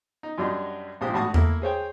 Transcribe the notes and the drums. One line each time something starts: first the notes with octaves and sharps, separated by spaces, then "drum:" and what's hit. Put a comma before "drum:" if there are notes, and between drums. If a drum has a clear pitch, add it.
D#4
F#2 F#3 G3 D4 D#5 C6
A#1 G#2 G4 C5 D#6
G#1 A2 F#4 A5 C#6 D#6
A3 A#3 E4, drum: tom E2
G#4 C5 C#5 G5